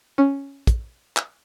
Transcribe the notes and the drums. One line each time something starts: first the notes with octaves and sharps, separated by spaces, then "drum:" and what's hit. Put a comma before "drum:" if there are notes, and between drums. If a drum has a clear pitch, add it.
C#4
drum: kick, hi-hat
drum: clap